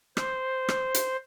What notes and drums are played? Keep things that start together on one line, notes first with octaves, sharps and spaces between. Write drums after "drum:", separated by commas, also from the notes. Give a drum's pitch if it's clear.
C5, drum: rim click
drum: rim click
drum: hi-hat